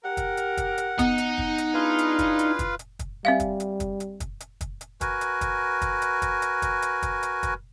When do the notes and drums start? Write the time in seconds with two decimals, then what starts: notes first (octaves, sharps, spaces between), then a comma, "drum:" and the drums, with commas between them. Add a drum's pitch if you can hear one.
0.04 G4 A#4 F#5
0.17 drum: kick, hi-hat
0.37 drum: hi-hat
0.57 drum: kick, hi-hat
0.78 drum: hi-hat
0.99 B3 D#4, drum: kick, hi-hat
1.18 drum: hi-hat
1.38 drum: kick
1.58 drum: hi-hat
1.74 D4 E4 F4 G#4 B4 F5
1.99 drum: hi-hat
2.19 drum: kick, hi-hat
2.39 drum: hi-hat
2.59 drum: kick, hi-hat
2.79 drum: hi-hat
2.99 drum: kick, hi-hat
3.25 G3 C4 E5 F5
3.40 drum: kick, hi-hat
3.60 drum: hi-hat
3.80 drum: kick, hi-hat
4.00 drum: hi-hat
4.20 drum: kick, hi-hat
4.40 drum: hi-hat
4.61 drum: kick, hi-hat
4.81 drum: hi-hat
5.01 F#4 A#4 B4 G#5, drum: kick, hi-hat
5.21 drum: hi-hat
5.41 drum: kick, hi-hat
5.82 drum: kick, hi-hat
6.02 drum: hi-hat
6.22 drum: kick, hi-hat
6.42 drum: hi-hat
6.62 drum: kick, hi-hat
6.82 drum: hi-hat
7.02 drum: kick, hi-hat
7.23 drum: hi-hat
7.43 drum: kick, hi-hat